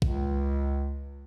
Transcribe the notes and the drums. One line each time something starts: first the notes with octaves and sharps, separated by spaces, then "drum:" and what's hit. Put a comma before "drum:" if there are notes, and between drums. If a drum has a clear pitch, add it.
C#2, drum: kick